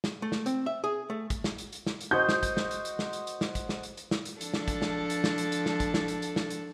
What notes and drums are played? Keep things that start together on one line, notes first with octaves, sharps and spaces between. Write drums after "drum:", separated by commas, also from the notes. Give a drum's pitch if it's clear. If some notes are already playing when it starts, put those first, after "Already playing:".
drum: snare
A3
drum: snare
C4, drum: hi-hat
E5
G#4
A3
drum: kick, hi-hat
drum: snare
drum: hi-hat
drum: hi-hat
drum: snare
drum: hi-hat
F#4 C5 D#5 G6
drum: snare
drum: kick, hi-hat
drum: snare
drum: hi-hat
drum: hi-hat
drum: snare
drum: hi-hat
drum: hi-hat
drum: snare
drum: kick, hi-hat
drum: snare
drum: hi-hat
drum: hi-hat
drum: snare
drum: hi-hat
F3 D4 A4, drum: hi-hat
drum: snare
drum: kick, hi-hat
drum: snare
drum: hi-hat
drum: snare
drum: hi-hat
drum: hi-hat
drum: snare
drum: kick, hi-hat
drum: snare
drum: hi-hat
drum: hi-hat
drum: snare
drum: hi-hat